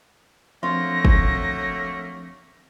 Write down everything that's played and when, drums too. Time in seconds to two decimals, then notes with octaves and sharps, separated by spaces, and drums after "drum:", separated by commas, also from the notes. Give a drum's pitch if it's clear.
0.63 F3 F#3 A3 A#3 C4 D4 F4 A#6
1.05 drum: kick